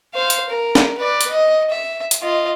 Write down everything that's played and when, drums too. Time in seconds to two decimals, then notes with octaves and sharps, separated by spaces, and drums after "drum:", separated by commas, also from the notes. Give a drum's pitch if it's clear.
0.14 C5 F5
0.30 drum: hi-hat
0.50 A#4
0.75 drum: snare
0.98 B4 D5
1.21 drum: hi-hat
1.30 D#5
1.70 E5
2.11 drum: hi-hat
2.22 F4 D#5